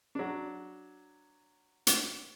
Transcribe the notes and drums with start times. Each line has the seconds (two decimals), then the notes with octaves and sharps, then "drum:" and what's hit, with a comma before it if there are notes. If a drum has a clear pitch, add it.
0.15 F#3 D4
1.87 drum: hi-hat